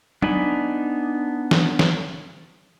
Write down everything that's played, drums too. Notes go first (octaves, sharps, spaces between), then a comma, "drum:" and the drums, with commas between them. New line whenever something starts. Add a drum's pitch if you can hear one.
B3 D4 D#4 G#5 B5, drum: tom F#3
drum: snare
drum: snare